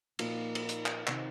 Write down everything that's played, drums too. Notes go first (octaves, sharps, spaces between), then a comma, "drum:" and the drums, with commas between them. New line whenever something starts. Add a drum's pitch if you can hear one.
A#2 F3 A#3 D#4 F4 A#4, drum: cymbal
drum: cymbal
drum: hi-hat
drum: clap
C3 D#3 C4 D#4, drum: clap